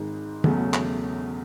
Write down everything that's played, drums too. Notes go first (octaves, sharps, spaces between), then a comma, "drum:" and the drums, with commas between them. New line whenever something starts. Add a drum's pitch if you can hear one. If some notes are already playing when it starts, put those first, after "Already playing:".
Already playing: G#1 G#2 D#3 G#3
E1 E2 C#3 F#3 A3, drum: tom
drum: clap